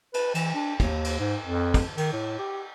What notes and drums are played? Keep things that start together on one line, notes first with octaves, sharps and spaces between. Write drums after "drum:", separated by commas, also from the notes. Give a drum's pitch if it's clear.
B4, drum: cymbal
E3, drum: cymbal
D4
D#2, drum: kick, cymbal
drum: cymbal
G#2
F2
drum: kick, cymbal
D#3, drum: cymbal
A2
G4